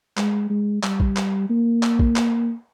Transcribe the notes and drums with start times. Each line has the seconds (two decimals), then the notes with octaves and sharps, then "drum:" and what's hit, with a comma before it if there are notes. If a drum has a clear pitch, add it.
0.17 G#3, drum: clap
0.50 G#3
0.83 G3, drum: clap
1.00 drum: kick A#1
1.16 drum: clap
1.50 A#3
1.83 drum: clap
1.99 drum: kick A#1
2.16 drum: clap